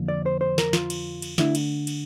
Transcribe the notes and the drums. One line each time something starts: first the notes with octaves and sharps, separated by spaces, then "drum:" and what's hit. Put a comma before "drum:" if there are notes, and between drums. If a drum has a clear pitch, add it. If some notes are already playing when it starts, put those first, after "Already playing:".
Already playing: F2 D3 F3 A#3
D5
C5
C5
A#4, drum: snare
F4, drum: snare
drum: cymbal
drum: cymbal
D3 A3 D4 E4, drum: snare
drum: cymbal
drum: cymbal